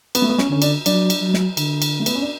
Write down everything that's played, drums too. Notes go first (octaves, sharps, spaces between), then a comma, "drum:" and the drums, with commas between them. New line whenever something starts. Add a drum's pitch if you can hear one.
B3, drum: cymbal
A3
B3
C#4, drum: snare
D3 C#4
D4, drum: cymbal
F#3 D4, drum: cymbal
drum: cymbal
F#3
drum: snare
D3, drum: cymbal
drum: cymbal
A3
B3, drum: cymbal
C#4
D4